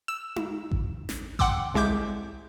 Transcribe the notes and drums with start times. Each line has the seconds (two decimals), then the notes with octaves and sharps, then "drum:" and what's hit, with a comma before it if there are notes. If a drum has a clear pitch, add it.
0.08 E6 E7
0.36 drum: tom D#4
0.71 drum: kick A1
1.09 drum: snare
1.39 F#5 G5 C6 D6 E6, drum: kick A1
1.74 C2 G#3 E5 D6 G6